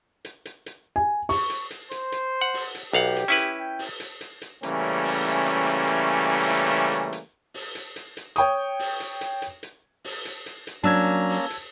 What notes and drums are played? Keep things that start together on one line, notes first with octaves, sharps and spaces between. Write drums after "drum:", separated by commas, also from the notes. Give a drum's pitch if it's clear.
drum: hi-hat
drum: hi-hat
drum: hi-hat
G#5
C#6, drum: open hi-hat
drum: hi-hat
drum: hi-hat
C5, drum: hi-hat
drum: hi-hat
F#5
drum: open hi-hat
drum: hi-hat
B1 G4 F5 F#5, drum: hi-hat
drum: hi-hat
C#4 E4 B4
drum: hi-hat
G5
drum: open hi-hat
drum: hi-hat
drum: hi-hat
drum: hi-hat
C#3 E3 G3 A3 A#3 C#4, drum: hi-hat
drum: open hi-hat
drum: hi-hat
drum: hi-hat
drum: hi-hat
drum: hi-hat
drum: open hi-hat
drum: hi-hat
drum: hi-hat
drum: hi-hat
drum: hi-hat
drum: open hi-hat
drum: hi-hat
drum: hi-hat
drum: hi-hat
C#5 G5 C#6 D#6, drum: hi-hat
drum: open hi-hat
drum: hi-hat
drum: hi-hat
drum: hi-hat
drum: hi-hat
drum: open hi-hat
drum: hi-hat
drum: hi-hat
drum: hi-hat
F#3 A#3 C#4 D4 A5 A#5 E6 G#6
drum: open hi-hat
drum: hi-hat